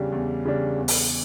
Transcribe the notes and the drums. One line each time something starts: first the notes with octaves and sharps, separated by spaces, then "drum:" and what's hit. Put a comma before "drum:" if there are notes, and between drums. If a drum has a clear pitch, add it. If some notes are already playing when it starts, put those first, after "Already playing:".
Already playing: E2 C#3 G3 D4
E2
C#3 G3 D4
E2
drum: open hi-hat